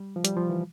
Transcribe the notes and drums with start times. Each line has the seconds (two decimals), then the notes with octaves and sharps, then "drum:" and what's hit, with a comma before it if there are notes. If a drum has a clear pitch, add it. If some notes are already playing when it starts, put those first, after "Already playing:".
Already playing: G3
0.16 F3
0.25 G3, drum: hi-hat
0.37 F3
0.49 E3